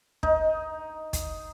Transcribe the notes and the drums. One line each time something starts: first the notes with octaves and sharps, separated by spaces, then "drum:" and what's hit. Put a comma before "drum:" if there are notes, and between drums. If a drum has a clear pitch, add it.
D#4, drum: kick
drum: kick, hi-hat